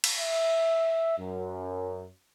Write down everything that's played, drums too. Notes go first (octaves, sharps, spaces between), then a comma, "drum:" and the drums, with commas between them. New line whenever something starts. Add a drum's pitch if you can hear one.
drum: cymbal
E5
F#2